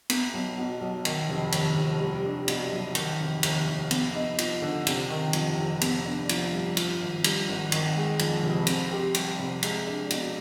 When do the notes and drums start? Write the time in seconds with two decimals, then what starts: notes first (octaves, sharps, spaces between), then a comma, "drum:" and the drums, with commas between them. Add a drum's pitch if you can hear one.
0.10 B3, drum: cymbal
0.34 B1
0.58 B2
0.81 B1
1.05 D#3, drum: cymbal
1.29 F1
1.52 D#2, drum: cymbal
1.76 F1
2.00 G3
2.24 D4
2.48 B2, drum: cymbal
2.71 B1
2.95 D#3, drum: cymbal
3.20 F1
3.43 D#2, drum: cymbal
3.67 F1
3.91 B3, drum: cymbal
4.15 D#4
4.39 F3, drum: cymbal
4.62 D3
4.87 C3, drum: cymbal
5.10 D#3
5.33 F2, drum: cymbal
5.58 F1
5.81 B3, drum: cymbal
6.05 D4
6.29 F3, drum: cymbal
6.53 G2
6.77 F3, drum: cymbal
7.00 G#1
7.24 G2, drum: cymbal
7.49 G#1
7.72 D#3, drum: cymbal
7.96 G#3
8.19 F2, drum: cymbal
8.43 F1
8.67 C4, drum: cymbal
8.92 G4
9.15 G3, drum: cymbal
9.39 C3
9.63 G#3, drum: cymbal
9.87 D4
10.10 B2, drum: cymbal